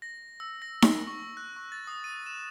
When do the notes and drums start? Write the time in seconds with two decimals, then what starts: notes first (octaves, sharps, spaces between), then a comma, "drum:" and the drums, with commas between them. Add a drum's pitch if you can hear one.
0.02 A#6
0.40 E6
0.62 A#6
0.82 E6, drum: snare D#4
1.07 C#6
1.37 F#6
1.56 C#6
1.72 A6
1.87 D#6
2.04 D#7
2.26 E7